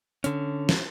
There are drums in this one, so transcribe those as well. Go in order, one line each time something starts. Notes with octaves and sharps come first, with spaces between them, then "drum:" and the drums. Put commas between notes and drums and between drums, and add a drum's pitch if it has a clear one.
D3 C#4, drum: hi-hat
drum: snare